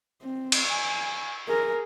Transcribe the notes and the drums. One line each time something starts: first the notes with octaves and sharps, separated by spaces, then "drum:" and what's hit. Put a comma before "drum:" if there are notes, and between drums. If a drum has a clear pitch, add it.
C4
drum: cymbal
G#5
G#4 A#4